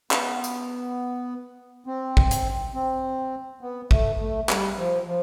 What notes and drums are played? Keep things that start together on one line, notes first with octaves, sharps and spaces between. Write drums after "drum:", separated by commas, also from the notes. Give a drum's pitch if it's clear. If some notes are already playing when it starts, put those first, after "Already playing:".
B3, drum: clap
drum: tambourine
C4
drum: kick A1
drum: hi-hat
C4
B3
A3, drum: kick A1
A3
G3, drum: clap
F3
F3